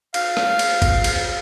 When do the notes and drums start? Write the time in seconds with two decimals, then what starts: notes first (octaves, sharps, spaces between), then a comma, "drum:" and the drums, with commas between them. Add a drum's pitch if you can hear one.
0.14 F5, drum: cymbal
0.37 drum: rim click
0.59 drum: cymbal
0.82 drum: kick G#1, cymbal
1.04 drum: cymbal